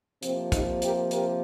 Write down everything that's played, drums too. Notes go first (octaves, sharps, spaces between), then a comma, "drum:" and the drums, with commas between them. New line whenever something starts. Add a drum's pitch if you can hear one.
C3 F3 A#3 C4, drum: hi-hat
D#4 G4, drum: kick, hi-hat
G4 A#4, drum: hi-hat
G4 A#4, drum: hi-hat